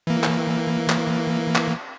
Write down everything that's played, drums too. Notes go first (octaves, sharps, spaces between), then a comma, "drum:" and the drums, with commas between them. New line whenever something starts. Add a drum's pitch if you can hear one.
E3 A#3
drum: clap
drum: clap
drum: clap